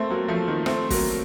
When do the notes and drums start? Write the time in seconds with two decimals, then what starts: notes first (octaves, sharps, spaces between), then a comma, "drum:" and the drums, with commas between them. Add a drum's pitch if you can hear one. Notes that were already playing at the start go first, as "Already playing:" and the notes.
Already playing: A3 A#3 C4
0.10 F#3 A#3
0.28 F3 A3
0.48 D#3
0.66 A3 C4, drum: rim click
0.90 F#3 A#3, drum: kick, open hi-hat